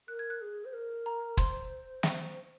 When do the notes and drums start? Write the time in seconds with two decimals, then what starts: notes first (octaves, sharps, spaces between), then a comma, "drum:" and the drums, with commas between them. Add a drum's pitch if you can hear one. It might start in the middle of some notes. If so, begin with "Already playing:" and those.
0.08 A#4 F#6
0.19 G#6
0.30 F#6
0.41 G#4
0.65 C5
0.73 A#4
1.06 A#5
1.37 C5 C6, drum: kick
2.03 C#6, drum: snare